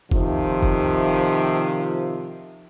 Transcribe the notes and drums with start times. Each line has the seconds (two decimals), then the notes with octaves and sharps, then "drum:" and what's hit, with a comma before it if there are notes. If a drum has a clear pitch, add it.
0.11 C3 D#3 F3, drum: kick F#1
0.62 drum: kick F#1